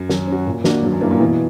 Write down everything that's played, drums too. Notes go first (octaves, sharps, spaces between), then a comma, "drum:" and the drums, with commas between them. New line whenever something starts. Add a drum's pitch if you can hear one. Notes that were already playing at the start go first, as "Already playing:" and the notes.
Already playing: F#2
F#3, drum: snare
C#4
F#4
A#2
A#3 D4 F#4, drum: snare
G2 F#3
F#2
G2 A#3 E4
A#2
B2 E3